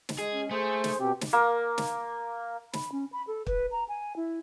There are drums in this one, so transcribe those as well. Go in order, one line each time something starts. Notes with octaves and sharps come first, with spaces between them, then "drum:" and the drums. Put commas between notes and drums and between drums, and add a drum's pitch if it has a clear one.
drum: snare
G#3 G#4
C#4
A3 G#4 C5
drum: snare
B2 C4 G4
drum: snare
A#3
drum: snare
B5, drum: snare
C#4
B5
A4
B4, drum: kick
A#5
G#5
E4